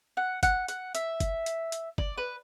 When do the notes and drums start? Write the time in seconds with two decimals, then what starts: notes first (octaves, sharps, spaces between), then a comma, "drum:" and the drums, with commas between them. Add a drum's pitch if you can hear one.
0.17 F#5
0.43 F#5, drum: kick, hi-hat
0.68 F#5, drum: hi-hat
0.95 E5, drum: hi-hat
1.20 drum: kick, hi-hat
1.46 drum: hi-hat
1.72 drum: hi-hat
1.98 D5, drum: kick
2.17 B4